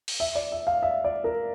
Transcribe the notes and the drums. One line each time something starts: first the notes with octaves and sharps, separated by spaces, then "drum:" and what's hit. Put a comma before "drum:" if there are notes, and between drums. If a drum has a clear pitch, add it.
drum: open hi-hat
E5
D5
E5
F5
E5
D5
A#4